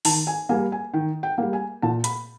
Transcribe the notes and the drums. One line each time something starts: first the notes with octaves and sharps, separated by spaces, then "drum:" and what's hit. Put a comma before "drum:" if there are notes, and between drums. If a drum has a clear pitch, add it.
D#3 A5, drum: open hi-hat
G#5
G3 A#3 G#5
G#5
D#3 G5
G5
G3 A#3
G#5
A#2 A5
B5, drum: hi-hat